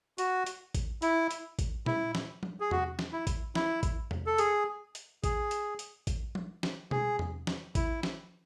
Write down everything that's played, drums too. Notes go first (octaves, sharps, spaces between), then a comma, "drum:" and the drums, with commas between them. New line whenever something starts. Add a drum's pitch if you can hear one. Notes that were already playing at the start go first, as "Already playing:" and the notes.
F#4, drum: hi-hat
drum: hi-hat
drum: kick A1, hi-hat
E4, drum: hi-hat
drum: hi-hat
drum: kick A1, hi-hat
E4, drum: tom A#2
drum: snare F3
drum: tom F3
G#4
F#4, drum: tom E2
drum: snare F3
E4
drum: kick A1, hi-hat
E4, drum: snare F3
drum: kick A1, hi-hat
drum: tom E2
A4
G#4, drum: hi-hat
drum: hi-hat
G#4, drum: kick A1, hi-hat
drum: hi-hat
drum: hi-hat
drum: kick A1, hi-hat
drum: tom F3
drum: snare F3
G#4, drum: tom B2
drum: tom E2
drum: snare F3
E4, drum: kick A1, hi-hat
drum: snare F3